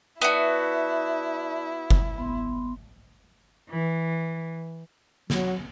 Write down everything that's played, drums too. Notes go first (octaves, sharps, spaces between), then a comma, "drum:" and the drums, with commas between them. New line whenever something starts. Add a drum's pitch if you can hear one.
B3 E4 F#4 D5 E5 A5
drum: kick
B3 C6
E3
F#3, drum: snare